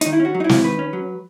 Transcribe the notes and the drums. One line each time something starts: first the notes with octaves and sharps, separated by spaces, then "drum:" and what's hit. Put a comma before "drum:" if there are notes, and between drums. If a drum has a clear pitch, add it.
D#3 D#4, drum: hi-hat
E4
C#4
F#4
F#3
D#4
E4
G#2, drum: snare
D#3 B4
C#4
F#3